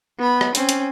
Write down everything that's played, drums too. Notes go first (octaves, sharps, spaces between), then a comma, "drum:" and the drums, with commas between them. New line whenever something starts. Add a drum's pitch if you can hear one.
B3 B5
drum: rim click
C4 C#4, drum: hi-hat
drum: hi-hat